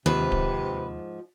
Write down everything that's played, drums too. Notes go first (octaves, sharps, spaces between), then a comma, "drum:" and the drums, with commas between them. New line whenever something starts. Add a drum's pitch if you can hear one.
D#2 G#2 C3 F3 B4
drum: kick D1